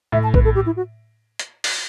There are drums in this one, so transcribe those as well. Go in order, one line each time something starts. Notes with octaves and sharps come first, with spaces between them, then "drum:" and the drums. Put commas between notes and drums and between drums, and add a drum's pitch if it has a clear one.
A2 E5
A5
B4, drum: kick A#1
A4
G4
E4
F#4
drum: hi-hat
drum: open hi-hat